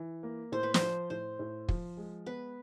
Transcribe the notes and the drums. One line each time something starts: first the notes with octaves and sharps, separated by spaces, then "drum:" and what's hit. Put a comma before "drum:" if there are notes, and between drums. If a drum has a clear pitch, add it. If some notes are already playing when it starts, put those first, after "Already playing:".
Already playing: E3
A#3
A2 C5
B4
C5, drum: snare
F3
A2 C5
A2
F3, drum: kick
G#3
B3 B4